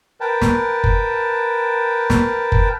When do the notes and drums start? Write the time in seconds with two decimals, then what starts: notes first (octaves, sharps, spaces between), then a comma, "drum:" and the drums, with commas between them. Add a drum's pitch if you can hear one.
0.20 A#4 B4 G5 A5
0.42 drum: snare
0.84 drum: kick F#1
2.10 drum: snare
2.52 drum: kick F#1